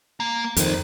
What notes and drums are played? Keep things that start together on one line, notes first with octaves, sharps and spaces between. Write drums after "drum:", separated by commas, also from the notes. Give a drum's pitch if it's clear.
A#3 A#5
F2 D#3 A#4 C5, drum: hi-hat